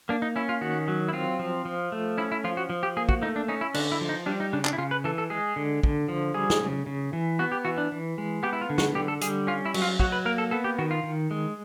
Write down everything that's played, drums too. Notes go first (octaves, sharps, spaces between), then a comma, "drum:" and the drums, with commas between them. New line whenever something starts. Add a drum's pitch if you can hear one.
A#3 D4
D#4
C#4 E4
F4
D#3 F#4
F#3
E4
C4 F4
F3
F3
A3
C#4 E4
E4
F3 F4
F#4
F3
G4
A#3 G#4
F#4, drum: kick
A3 D#4
D4
C#4 D#4
E4
D3 D4, drum: cymbal
E4
F3
D#4
G3 D4
D#4
C#3 D4
D4, drum: clap
E4
C#3 F4
B4
E3 A4
A4
G#3 G#4
D3
D3, drum: kick
F3
G3 G#4
drum: snare
C#3
C#3
E3
B3 F#4
G4
E3 F#4
D4
E3
G#3
B3 G4
E4
F4
D3
F#4, drum: snare
D3 G4
A4
G3 G#4, drum: hi-hat
C#4 F4
E4
F#3, drum: cymbal
F4
F#3 F#4, drum: kick
B4
A#3 A#4
A4
B3 A4
G4
D#3 F#4
F4
D#3
G#3